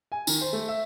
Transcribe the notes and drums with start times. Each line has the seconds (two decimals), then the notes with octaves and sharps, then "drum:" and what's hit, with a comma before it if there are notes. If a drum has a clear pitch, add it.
0.12 G#5
0.27 D#3, drum: tambourine
0.41 C5
0.53 A3
0.68 E5